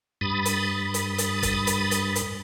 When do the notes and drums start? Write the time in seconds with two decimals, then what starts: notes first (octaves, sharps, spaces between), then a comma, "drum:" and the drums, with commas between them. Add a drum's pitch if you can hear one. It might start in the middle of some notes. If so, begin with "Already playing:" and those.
0.21 G2 B5 D#6 A6
0.45 drum: hi-hat
0.94 drum: hi-hat
1.18 drum: hi-hat
1.43 drum: kick, hi-hat
1.67 drum: hi-hat
1.91 drum: hi-hat
2.16 drum: hi-hat